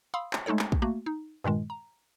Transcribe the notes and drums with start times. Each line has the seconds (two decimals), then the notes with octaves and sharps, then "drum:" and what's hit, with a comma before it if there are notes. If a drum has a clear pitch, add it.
0.14 F5 B5 C6 D#6 E6
0.33 drum: clap
0.46 G#3 A3 D#4 A4 C#5
0.59 drum: clap
0.72 drum: kick
0.82 A3 A#3 F#4
1.06 D#4
1.44 G2 A#2 D#3 G#3
1.70 A#5